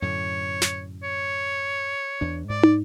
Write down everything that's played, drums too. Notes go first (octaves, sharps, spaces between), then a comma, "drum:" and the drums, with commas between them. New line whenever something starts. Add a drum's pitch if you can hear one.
F#2 A2 D3 C#5
drum: snare
C#5
E2 D4
G#2 D5
drum: tom